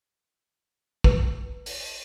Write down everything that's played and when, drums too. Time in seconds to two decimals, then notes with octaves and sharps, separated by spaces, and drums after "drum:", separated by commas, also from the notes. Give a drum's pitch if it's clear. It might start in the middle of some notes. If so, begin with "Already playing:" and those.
1.04 B4, drum: kick
1.66 drum: open hi-hat